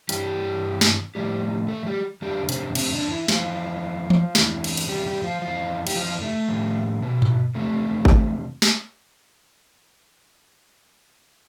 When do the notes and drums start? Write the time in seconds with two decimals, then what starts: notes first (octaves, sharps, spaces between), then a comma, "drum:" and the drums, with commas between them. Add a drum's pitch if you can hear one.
0.09 G2 E3 G3 G4, drum: hi-hat
0.81 drum: snare
1.15 A2 F3 G3 G4
1.68 A3 A4
1.87 G3 G4
2.22 F2 D3 F3 G3 G4
2.49 C3 C4, drum: hi-hat
2.75 C3 C4, drum: cymbal
2.93 D3 D4
3.11 E3 E4
3.28 F2 E3 F3 F4, drum: snare
4.10 drum: tom E3
4.35 E2 C3 E3, drum: snare
4.64 drum: cymbal
4.77 drum: cymbal
4.89 G3 G4
5.07 G3 G4
5.24 F3 F4
5.42 E3 F3 F4
5.47 F2
5.87 G4, drum: cymbal
5.95 F3 F4
6.22 A3
6.49 A2 F3
7.02 B2 B3
7.22 drum: tom G2
7.55 E2 C3 F3 A3
8.05 drum: kick G#1
8.62 drum: snare